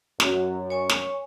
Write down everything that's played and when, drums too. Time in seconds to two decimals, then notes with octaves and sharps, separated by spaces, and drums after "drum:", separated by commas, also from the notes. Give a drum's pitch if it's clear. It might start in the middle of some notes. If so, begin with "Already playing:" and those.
0.20 F#2 F#4, drum: snare
0.70 C#5 G#5 C#6
0.90 drum: snare